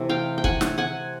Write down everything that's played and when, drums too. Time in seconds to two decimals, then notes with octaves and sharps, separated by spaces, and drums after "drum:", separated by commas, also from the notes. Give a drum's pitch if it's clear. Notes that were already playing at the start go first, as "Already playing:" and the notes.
Already playing: C3 E3 A3
0.09 F5 G5
0.38 G5
0.44 F#5 G#5, drum: kick
0.61 drum: snare
0.78 F#5 G#5